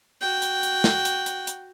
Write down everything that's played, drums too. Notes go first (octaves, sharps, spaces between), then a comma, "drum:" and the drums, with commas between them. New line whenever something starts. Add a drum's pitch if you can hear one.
F#4 G5
drum: hi-hat
drum: hi-hat
drum: snare
drum: hi-hat
drum: hi-hat
drum: hi-hat